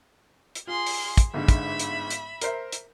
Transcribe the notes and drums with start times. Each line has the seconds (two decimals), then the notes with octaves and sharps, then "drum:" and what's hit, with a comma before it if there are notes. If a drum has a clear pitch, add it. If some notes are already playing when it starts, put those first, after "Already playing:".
0.55 drum: hi-hat
0.67 F4 G#4 C6
0.86 drum: open hi-hat
1.17 drum: kick, hi-hat
1.34 G1 G#2 D3 E5 B5
1.48 drum: kick, hi-hat
1.79 drum: hi-hat
2.10 drum: hi-hat
2.41 A#4 C5 E5, drum: hi-hat
2.72 drum: hi-hat